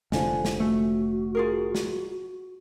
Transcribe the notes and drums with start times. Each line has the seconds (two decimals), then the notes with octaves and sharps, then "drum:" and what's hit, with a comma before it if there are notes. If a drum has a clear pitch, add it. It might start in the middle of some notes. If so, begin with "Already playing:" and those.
0.12 F1 D3 F3 G#5, drum: snare
0.45 drum: snare
0.60 A3 F#4
1.35 F4 G#4 A#4
1.75 drum: snare